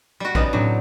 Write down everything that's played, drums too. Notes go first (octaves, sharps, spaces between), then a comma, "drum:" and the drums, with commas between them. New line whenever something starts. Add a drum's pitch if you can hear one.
G3 F#4
C#3 B3 D#4 D5, drum: kick
A2 F#3 C4 D4